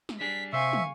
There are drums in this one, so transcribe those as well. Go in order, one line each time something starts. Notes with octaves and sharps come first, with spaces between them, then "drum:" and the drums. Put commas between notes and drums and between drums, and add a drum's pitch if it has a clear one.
drum: snare
G3 D4 G#4 B6
C3 C5 E5 F5 G#5 C#6
drum: tom